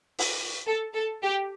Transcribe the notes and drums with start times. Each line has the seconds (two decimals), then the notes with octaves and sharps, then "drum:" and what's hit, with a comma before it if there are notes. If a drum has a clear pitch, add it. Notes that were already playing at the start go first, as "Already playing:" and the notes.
0.19 drum: open hi-hat
0.66 A4
0.94 A4
1.23 G4